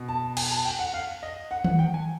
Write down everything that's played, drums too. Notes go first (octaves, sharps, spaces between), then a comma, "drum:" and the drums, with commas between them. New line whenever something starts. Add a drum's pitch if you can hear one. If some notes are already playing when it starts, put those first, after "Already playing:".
Already playing: B2
A5
G#5, drum: cymbal
A5
G5
F#5
F5
D#5
F#5
F#5, drum: tom D#3
G5
G#5